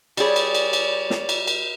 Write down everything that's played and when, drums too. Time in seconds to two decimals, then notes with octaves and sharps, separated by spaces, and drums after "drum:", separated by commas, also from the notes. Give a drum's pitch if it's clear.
0.17 G3 G#4 C#5 D5, drum: cymbal
0.36 drum: cymbal
0.55 drum: cymbal
0.73 drum: cymbal
1.10 drum: snare
1.29 drum: cymbal
1.47 drum: cymbal